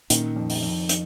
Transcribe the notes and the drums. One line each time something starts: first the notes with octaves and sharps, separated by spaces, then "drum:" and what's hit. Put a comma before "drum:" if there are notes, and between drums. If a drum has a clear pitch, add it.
A#2 D#3 A#3 C#4, drum: hi-hat
F2
drum: open hi-hat
F2
drum: hi-hat